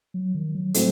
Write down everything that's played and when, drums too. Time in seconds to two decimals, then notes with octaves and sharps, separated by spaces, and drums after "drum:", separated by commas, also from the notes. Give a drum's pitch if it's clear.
0.14 F#3
0.35 D#3
0.55 F#3
0.74 A2 F#3 A3 C4 F#4 A4, drum: hi-hat